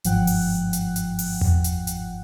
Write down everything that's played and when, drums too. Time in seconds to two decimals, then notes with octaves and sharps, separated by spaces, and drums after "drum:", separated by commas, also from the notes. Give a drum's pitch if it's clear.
0.04 G1 G#2 F3 F#5 G5 F#6, drum: hi-hat
0.27 drum: open hi-hat
0.73 drum: hi-hat
0.96 drum: hi-hat
1.19 drum: open hi-hat
1.41 drum: tom E2
1.64 drum: hi-hat
1.87 drum: hi-hat